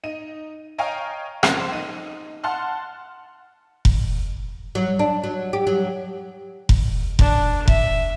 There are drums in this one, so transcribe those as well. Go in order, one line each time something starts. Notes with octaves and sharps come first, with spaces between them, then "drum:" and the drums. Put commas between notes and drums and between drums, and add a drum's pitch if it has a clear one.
D#4 D#7
C#5 D#5 F5 G5 G#5 A#5
A#1 C#3 F3 A#3 C4 C6, drum: rim click
C5
D#4 D#7
F#5 A5 C6 F6
drum: kick F1
F#3
D4
F#3
G4
F#3
drum: kick F1
D4, drum: kick F1
E5, drum: kick F1